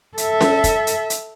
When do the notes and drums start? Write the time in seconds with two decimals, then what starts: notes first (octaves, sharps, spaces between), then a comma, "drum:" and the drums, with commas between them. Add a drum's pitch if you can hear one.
0.18 A4 E5, drum: hi-hat
0.41 drum: snare C#4
0.64 drum: kick, hi-hat
0.87 drum: hi-hat
1.10 drum: hi-hat